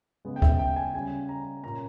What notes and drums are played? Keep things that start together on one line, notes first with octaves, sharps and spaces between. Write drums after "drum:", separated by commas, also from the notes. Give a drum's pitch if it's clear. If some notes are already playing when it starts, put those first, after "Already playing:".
C#3 G#3 B3
G5
E5, drum: kick
G5
G#5
C#3 G3 C#4 G#5
A#5
A#2 A#3 C#4 A#5